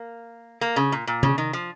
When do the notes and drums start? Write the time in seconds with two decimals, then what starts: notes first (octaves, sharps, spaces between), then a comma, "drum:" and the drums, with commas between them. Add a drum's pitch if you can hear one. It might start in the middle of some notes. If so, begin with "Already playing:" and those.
Already playing: A#3
0.61 A#3
0.76 C#3
0.92 A#2
1.07 A#2
1.23 C#3, drum: tom
1.38 D#3
1.53 F3